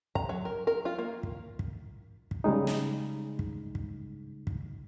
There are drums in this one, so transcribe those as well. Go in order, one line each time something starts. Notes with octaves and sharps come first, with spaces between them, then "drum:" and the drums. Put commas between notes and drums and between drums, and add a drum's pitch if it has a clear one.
A#5, drum: kick
F#3
A#4
A#4
F4
A#3
drum: kick
drum: kick
drum: kick
C#3 G3 G#3 D#4
drum: snare
drum: kick
drum: kick
drum: kick